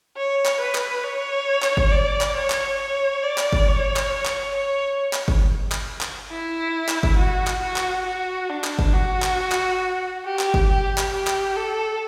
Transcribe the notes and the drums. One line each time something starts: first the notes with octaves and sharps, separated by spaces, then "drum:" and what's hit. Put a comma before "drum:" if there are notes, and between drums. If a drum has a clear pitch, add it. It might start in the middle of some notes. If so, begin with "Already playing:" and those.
C#5
drum: clap
B4
drum: clap
C#5
drum: clap
drum: kick G1
D5
drum: clap
C#5
drum: clap
C#5
D5
drum: clap
drum: kick G1
C#5
drum: clap
drum: clap
C#5
drum: clap
drum: kick G1
drum: clap
drum: clap
E4
drum: clap
drum: kick G1
F#4
drum: clap
F#4
drum: clap
F#4
D4
drum: clap
drum: kick G1
F#4
drum: clap
drum: clap
G4
drum: clap
drum: kick G1
G4
drum: clap
G4
drum: clap
A4